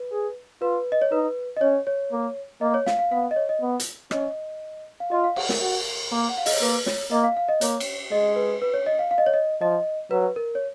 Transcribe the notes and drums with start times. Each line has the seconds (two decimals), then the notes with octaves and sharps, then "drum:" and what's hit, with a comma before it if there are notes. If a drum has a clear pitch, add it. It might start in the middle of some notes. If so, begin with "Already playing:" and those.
Already playing: B4
0.12 G#4
0.62 F4 B4
0.92 D#5
1.02 C#5
1.12 D#4 B4
1.56 D#5
1.61 C#4 C#5
1.87 C#5
2.12 A#3
2.61 A#3 D#5
2.74 C#5
2.87 F5, drum: snare
2.99 F5
3.12 B3 F5
3.31 D#5
3.36 C#5
3.49 D#5
3.61 B3
3.80 drum: hi-hat
4.11 C#4 D#5, drum: rim click
5.00 F5
5.11 F4 D#5
5.24 F5
5.36 F#5, drum: cymbal
5.49 A#4, drum: snare
5.62 F#4
6.12 A#3
6.29 F#5
6.38 F5
6.46 D#5, drum: open hi-hat
6.53 C#5
6.61 A#3 B4
6.86 C#5, drum: snare
7.11 A#3 D#5
7.24 F5
7.37 F5
7.48 D#5
7.61 A#3 C#5, drum: hi-hat
7.80 drum: cymbal
8.12 G#3 D#5
8.36 B4
8.62 B4
8.74 C#5
8.86 D#5
8.99 F5
9.11 F5
9.18 D#5
9.26 C#5
9.33 D#5
9.61 F3 D#5
10.11 F#3 B4
10.36 A#4
10.55 C#5